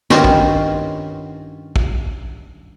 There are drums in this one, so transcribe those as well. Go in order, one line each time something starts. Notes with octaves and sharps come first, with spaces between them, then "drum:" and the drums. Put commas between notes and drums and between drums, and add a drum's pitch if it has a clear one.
G2 D#3 C4 C#4 F4 F#4, drum: snare
drum: kick
drum: kick